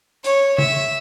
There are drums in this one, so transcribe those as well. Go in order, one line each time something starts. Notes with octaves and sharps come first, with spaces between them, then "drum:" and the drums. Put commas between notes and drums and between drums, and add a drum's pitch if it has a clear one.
C#5, drum: hi-hat
E5, drum: tom C#3